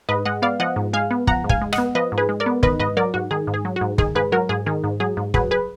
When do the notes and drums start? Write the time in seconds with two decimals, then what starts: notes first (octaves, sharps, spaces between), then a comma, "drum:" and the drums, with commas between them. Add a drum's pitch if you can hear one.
0.09 G#2 B4 D#5
0.25 G#3 D#5 F#5
0.42 B3 D5 F5
0.60 F3 D#5 F#5
0.76 G#2
0.93 G#3 F5 G#5
1.11 B3
1.27 F3 F#5 A#5, drum: kick
1.44 G#2
1.49 F5 G#5, drum: kick
1.62 G#3
1.73 D#5 F#5, drum: rim click
1.78 B3
1.95 F3 B4 D#5
2.12 G#2
2.18 G#4 B4
2.29 G#3
2.40 A#4 D5
2.46 B3
2.63 D#3 B4 D#5, drum: kick
2.80 G#2 B4 D#5
2.97 F#3 A#4 D5
3.14 G#2 F#4
3.31 D#3 G#4
3.47 G#2
3.54 G#4
3.65 F#3
3.76 F#4
3.81 G#2
3.98 D#3 G#4, drum: kick
4.15 G#2 G#4 B4
4.32 F#3 F#4 A#4
4.49 G#2 G#4
4.66 D#3 G#4
4.84 G#2
5.00 F#3 G#4
5.17 G#2
5.34 F#3 G#4 B4, drum: kick
5.51 G#4 B4